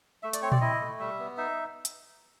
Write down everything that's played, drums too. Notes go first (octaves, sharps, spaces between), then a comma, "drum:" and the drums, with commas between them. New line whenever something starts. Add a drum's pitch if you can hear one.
A3 E5
D5, drum: hi-hat
C4 C#5
D5, drum: tom A#2
E4 D#5
A3
G3 E5
B3
D#4 E5
drum: hi-hat